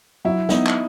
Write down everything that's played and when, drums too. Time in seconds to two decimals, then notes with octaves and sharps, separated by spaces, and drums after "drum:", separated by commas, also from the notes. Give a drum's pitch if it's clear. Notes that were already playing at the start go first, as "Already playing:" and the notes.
0.25 F#3 E4
0.49 B3 D#4, drum: snare
0.66 drum: clap